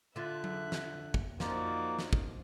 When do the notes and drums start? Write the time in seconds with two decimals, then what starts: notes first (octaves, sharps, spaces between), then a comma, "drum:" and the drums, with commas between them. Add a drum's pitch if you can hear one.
0.16 D3 F4 E5 F#6
0.44 drum: tom F#3
0.72 drum: snare
1.14 drum: kick
1.40 F3 A#3 D#4 F#4 D5, drum: snare
1.99 drum: snare
2.13 drum: kick